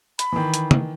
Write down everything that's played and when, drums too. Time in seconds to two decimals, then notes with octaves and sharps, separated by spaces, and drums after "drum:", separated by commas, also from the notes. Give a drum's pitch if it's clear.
0.19 B5, drum: hi-hat
0.33 D#3 E3
0.54 drum: hi-hat
0.71 drum: tom